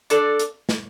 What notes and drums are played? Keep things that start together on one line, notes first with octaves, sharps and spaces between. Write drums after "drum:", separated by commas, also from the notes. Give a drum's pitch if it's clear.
D4 A4 D5, drum: hi-hat
drum: hi-hat
drum: snare